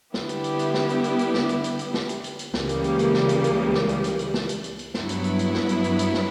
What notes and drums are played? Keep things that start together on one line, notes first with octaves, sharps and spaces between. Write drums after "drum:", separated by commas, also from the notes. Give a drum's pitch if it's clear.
D3 G3 B3 E4 G4, drum: snare
drum: hi-hat
drum: hi-hat
drum: hi-hat
drum: snare
drum: hi-hat
drum: hi-hat
drum: hi-hat
drum: snare
drum: hi-hat
drum: hi-hat
drum: hi-hat
drum: snare
drum: hi-hat
drum: hi-hat
drum: hi-hat
C#2 C#3 E3 G3 A#3, drum: snare
drum: hi-hat
drum: hi-hat
drum: hi-hat
drum: snare
drum: hi-hat
drum: hi-hat
drum: snare
drum: hi-hat
drum: hi-hat
drum: hi-hat
drum: snare
drum: hi-hat
drum: hi-hat
drum: hi-hat
G2 F#3 B3 E4, drum: snare
drum: hi-hat
drum: hi-hat
drum: hi-hat
drum: snare
drum: hi-hat
drum: hi-hat
drum: hi-hat
drum: snare